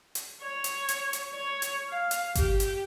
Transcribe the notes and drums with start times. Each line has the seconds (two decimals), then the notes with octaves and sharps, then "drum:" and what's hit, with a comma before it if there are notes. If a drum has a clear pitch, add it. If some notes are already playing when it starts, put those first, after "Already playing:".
0.15 drum: hi-hat
0.41 C#5
0.64 drum: hi-hat
0.89 drum: hi-hat
1.13 drum: hi-hat
1.31 C#5
1.62 drum: hi-hat
1.90 F5
2.11 drum: hi-hat
2.35 G4, drum: kick G1, hi-hat
2.60 drum: hi-hat